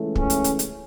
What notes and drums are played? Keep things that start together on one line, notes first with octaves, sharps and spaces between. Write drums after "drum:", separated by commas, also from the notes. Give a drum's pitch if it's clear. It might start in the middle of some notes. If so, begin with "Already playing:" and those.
Already playing: C#2 C#3 E3 A3
C#4, drum: kick
drum: hi-hat
drum: hi-hat
drum: hi-hat